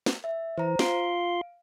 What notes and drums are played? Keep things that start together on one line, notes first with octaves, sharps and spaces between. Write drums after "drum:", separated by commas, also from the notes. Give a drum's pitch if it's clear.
drum: snare
E5
E3 C5 A#5
F4 F5 C6 D7, drum: snare